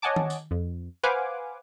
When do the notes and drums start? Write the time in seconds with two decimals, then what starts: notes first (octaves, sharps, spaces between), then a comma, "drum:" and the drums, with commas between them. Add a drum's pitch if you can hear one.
0.02 C#5 D#5 F#5 G#5 A5 D6
0.16 drum: tom D#3
0.30 drum: tambourine
0.51 F2
1.03 B4 C5 F5 F#5 G#5 D6